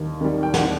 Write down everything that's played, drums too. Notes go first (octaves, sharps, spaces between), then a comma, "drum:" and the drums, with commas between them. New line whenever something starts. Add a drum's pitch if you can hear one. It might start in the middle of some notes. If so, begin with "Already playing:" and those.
Already playing: D#2 D#3 G3
D#3 G3
G5
D#2 F#5, drum: snare